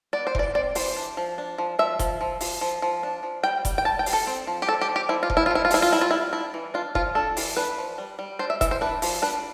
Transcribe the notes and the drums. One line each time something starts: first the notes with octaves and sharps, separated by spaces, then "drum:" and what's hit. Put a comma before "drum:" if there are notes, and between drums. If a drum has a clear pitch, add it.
B3 D5
C5
E3 D5, drum: kick F1
C4 D5
E3 C5, drum: open hi-hat
D4
F3
D4
F3
F3 E5
F3, drum: kick F1, hi-hat
F3
F3, drum: open hi-hat
F3
F3
D4
F3
G3 G5
G3, drum: kick F1, hi-hat
G5
G3 A5
G5
G3, drum: open hi-hat
A4
C4
F3
G4
F3 A4
G4
F3
G4
F3 E4
F4
F3, drum: kick F1
E4
F4
F3 E4
F4
F3 E4, drum: open hi-hat
F4
G3 E4
F4
G3 E4
D4 E4
E3
D4 F4
F3 F4, drum: kick F1
D4 A4
E3, drum: open hi-hat
D4 B4
F3
G3
G3
D4 C5
E5
E3 E5, drum: kick F1, hi-hat
C5
D4 B4
F3, drum: open hi-hat
D4 B4